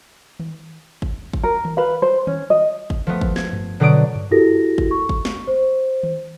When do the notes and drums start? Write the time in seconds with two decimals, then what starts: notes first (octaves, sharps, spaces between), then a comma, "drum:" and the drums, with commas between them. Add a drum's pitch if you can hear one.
0.40 drum: tom D#3
1.02 drum: kick
1.33 drum: kick
1.43 A#4
1.65 drum: tom D#3
1.77 B4 F5
2.02 C5
2.27 C#4, drum: tom D#3
2.50 D#5
2.90 drum: kick
3.07 F3 A3 B3
3.21 drum: kick
3.36 G#6, drum: snare
3.53 drum: tom G2
3.80 B2 D3 F#3 D5 D#6 D7
4.15 drum: tom G2
4.31 E4 F#4 G4 A4 A#4 A#6
4.78 drum: kick
4.91 C#6
5.09 drum: kick
5.25 drum: snare
5.47 C5
6.03 drum: tom D#3